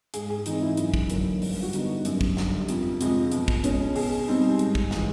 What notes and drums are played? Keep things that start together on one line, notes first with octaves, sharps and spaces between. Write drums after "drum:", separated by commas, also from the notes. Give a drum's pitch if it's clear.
G#2 G#4, drum: hi-hat
G#4
E3 G#3 C4 D#4, drum: hi-hat
E4
F#2 E4, drum: hi-hat
drum: kick
D3 F#3 A#3, drum: hi-hat
G2, drum: open hi-hat
F#4
D3 G3 B3 D#4, drum: hi-hat
F#2, drum: hi-hat
drum: kick
D3 G3, drum: snare
F2, drum: hi-hat
C3 F3 G#3, drum: hi-hat
B2, drum: hi-hat
drum: kick
G#3 C#4, drum: hi-hat
B2 G#4, drum: open hi-hat
G3 C4 D#4
G#2, drum: hi-hat
drum: kick
E3 G#3, drum: snare